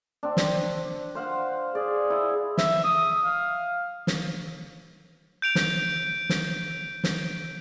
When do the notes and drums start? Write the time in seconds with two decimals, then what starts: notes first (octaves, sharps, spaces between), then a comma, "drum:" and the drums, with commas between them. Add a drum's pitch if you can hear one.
0.23 C4 D4
0.37 drum: snare
1.15 C5 F5 F#5
1.75 G#4 D5
2.10 E4
2.58 E5, drum: snare
2.84 D#6
3.25 F5
4.07 drum: snare
5.42 G6 D7 F7
5.55 drum: snare
6.29 drum: snare
7.04 drum: snare